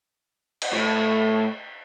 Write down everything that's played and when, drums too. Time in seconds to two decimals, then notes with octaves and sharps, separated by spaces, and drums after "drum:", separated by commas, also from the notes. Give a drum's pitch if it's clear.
0.62 drum: cymbal
0.73 A2